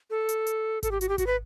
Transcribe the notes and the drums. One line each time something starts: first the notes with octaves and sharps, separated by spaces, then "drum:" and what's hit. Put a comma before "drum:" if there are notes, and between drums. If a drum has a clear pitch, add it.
A4
drum: hi-hat
drum: hi-hat
A4, drum: kick G#1, hi-hat
G4
F#4, drum: hi-hat
G4
F#4, drum: kick G#1, hi-hat
B4